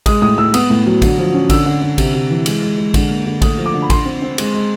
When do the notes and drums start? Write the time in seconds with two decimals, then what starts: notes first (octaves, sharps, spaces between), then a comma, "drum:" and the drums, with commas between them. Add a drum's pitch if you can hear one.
0.06 G#3 D#6, drum: kick A1, cymbal
0.22 A2 D#6
0.38 A2 E6
0.54 B3 D#6, drum: cymbal
0.70 A2
0.86 F#3
1.02 D3, drum: kick A1, cymbal
1.18 F3
1.34 C#4
1.50 D3 E6, drum: kick A1, cymbal
1.66 D3
1.82 D3
1.98 C3, drum: kick A1, cymbal
2.14 C3
2.30 E3
2.46 G#3, drum: cymbal
2.62 G#3
2.77 G#3
2.94 D3, drum: kick A1, cymbal
3.10 A#3
3.26 D3
3.42 A3 D#6, drum: kick A1, cymbal
3.58 F3
3.66 D6
3.74 D3
3.82 B5
3.90 D3 C6, drum: kick A1, cymbal
4.05 C4
4.22 C4
4.38 G#3, drum: cymbal
4.54 G#3